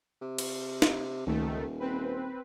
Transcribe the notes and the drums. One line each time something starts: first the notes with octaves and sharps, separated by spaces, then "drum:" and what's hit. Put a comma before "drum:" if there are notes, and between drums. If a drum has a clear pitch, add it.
C3
drum: cymbal
drum: snare
D#1 C#2 D#3 A3
C4 B4